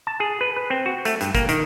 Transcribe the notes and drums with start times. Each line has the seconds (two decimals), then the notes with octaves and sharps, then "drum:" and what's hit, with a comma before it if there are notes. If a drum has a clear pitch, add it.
0.07 A5
0.20 G#4
0.41 B4
0.56 B4
0.70 C4
0.86 F#4
1.05 A3, drum: hi-hat
1.21 G2, drum: hi-hat
1.35 A#3, drum: kick, hi-hat
1.49 D#3, drum: hi-hat